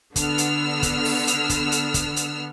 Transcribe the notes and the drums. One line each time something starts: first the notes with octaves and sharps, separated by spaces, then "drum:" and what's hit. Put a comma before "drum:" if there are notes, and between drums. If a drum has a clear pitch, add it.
D3 B3 E6 F6, drum: kick, hi-hat
drum: hi-hat
drum: kick, hi-hat
drum: open hi-hat
drum: hi-hat
drum: kick, hi-hat
drum: hi-hat
drum: kick, hi-hat
drum: hi-hat